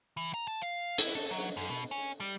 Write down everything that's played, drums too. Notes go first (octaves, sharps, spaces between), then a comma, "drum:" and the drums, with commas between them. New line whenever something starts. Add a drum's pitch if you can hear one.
E3
A#5
A5
F5
E4, drum: hi-hat
A4
F#3
F#2
B2
C#4
G3